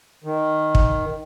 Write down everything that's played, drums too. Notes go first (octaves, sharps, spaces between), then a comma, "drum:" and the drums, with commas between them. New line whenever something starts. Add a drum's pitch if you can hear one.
D#3
drum: kick